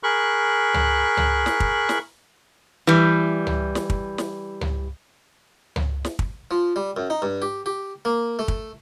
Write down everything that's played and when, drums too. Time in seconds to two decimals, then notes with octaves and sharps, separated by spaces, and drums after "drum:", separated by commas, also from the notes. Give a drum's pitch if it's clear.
0.03 G#4 A#4 B5 C#6 F#6
0.74 drum: tom C#2
1.17 drum: tom C#2
1.46 drum: snare
1.60 drum: kick
1.89 drum: snare
2.87 E3 G3
3.47 drum: tom C#2
3.75 drum: snare
3.90 drum: kick
4.18 drum: snare
4.61 drum: tom C#2
5.76 drum: tom C#2
6.05 drum: snare
6.19 drum: kick
6.51 F3
6.76 G3
6.97 F#2
7.10 D#4
7.22 G2
7.42 G4
7.66 G4
8.05 A#3
8.39 A3
8.48 drum: kick